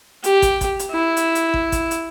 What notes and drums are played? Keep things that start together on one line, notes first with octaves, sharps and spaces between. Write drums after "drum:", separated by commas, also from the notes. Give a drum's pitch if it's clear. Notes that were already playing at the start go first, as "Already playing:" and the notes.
G4, drum: hi-hat
drum: kick, hi-hat
drum: kick, hi-hat
drum: hi-hat
E4
drum: hi-hat
drum: hi-hat
drum: kick
drum: kick, hi-hat
drum: hi-hat